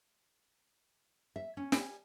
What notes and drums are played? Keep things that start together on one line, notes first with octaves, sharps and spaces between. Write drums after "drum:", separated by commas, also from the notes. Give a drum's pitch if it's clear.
E5
C#4
G#5, drum: snare